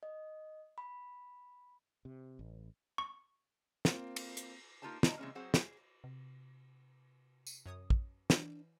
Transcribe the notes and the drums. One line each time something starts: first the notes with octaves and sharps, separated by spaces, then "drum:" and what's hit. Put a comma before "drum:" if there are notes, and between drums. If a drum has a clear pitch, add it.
D#5
B5
C3
A1
C#6
A#3 C4 F4, drum: snare
drum: cymbal
drum: hi-hat
A#3 D#4 F4 G4 C5 A5
A#2 D3 D#5 A5 A#5, drum: snare
C3 E3 G#3 A#3 C#4
F#3 C4 G#4 C5 F#5
G#4, drum: snare
C3
drum: tambourine
F#2 C#5 D#6
drum: kick
E3 D4, drum: snare